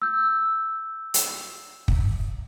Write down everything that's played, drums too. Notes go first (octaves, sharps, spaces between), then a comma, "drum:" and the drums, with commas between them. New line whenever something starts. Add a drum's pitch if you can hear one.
E6 G6
drum: hi-hat
drum: kick